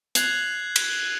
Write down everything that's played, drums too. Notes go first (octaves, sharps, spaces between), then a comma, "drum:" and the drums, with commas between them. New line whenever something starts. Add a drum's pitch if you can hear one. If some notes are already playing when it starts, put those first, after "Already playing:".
F#6 G#6 C7 F7 F#7, drum: hi-hat
drum: cymbal